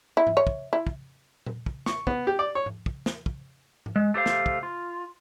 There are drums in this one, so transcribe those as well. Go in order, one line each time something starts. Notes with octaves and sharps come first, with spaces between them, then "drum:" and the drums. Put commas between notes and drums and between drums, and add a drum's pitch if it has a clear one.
E4
drum: tom G#2
C#5
drum: kick
E4
drum: kick
drum: tom A#2
drum: kick
C#6, drum: snare
B3, drum: kick
G4
D5
C#5
drum: tom G#2
drum: kick
drum: snare
drum: kick
drum: tom G#2
G#3
A3 G4 C5 F5
drum: snare
drum: kick
F4